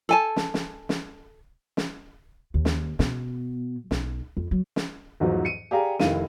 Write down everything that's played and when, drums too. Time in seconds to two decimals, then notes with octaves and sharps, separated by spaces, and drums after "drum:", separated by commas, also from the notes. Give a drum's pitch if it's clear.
0.09 A4 G#5 A5
0.36 drum: snare
0.54 drum: snare
0.89 drum: snare
1.77 drum: snare
2.54 D#2
2.65 drum: snare
2.99 B2, drum: snare
3.91 B1, drum: snare
4.37 F2
4.51 F#3
4.76 drum: snare
5.20 B1 E2 G#2 F3 F#3
5.45 C#7 D#7
5.71 G4 G#4 D5 F5 G#5 A#5
5.99 F1 D#3 E4 F5 D#7, drum: snare